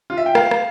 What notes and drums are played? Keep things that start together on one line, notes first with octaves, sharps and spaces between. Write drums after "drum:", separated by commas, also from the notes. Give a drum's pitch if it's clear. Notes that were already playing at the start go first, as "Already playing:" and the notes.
F4
E5
G5
F5, drum: rim click
drum: rim click